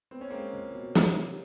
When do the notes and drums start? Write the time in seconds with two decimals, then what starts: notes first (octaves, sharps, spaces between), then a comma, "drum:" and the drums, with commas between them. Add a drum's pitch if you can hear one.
0.11 B3 C4
0.21 C#4
0.31 G#3 A#3 C4
0.53 C#2
0.74 B2
0.95 C3, drum: snare
1.17 G3